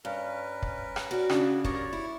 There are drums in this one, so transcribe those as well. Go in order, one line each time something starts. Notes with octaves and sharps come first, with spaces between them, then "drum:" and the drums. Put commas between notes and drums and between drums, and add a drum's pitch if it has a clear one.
G2 C#4 A#4 B4
drum: kick
drum: rim click
F#4 D5
C#3 D4 G#4, drum: rim click
G3 A#4 C#5 D5 C#6, drum: kick
E4